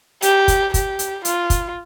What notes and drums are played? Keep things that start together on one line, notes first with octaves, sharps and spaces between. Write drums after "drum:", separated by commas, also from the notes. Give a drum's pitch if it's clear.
G4, drum: hi-hat
drum: kick, hi-hat
G4, drum: kick, hi-hat
drum: hi-hat
F4, drum: hi-hat
drum: kick, hi-hat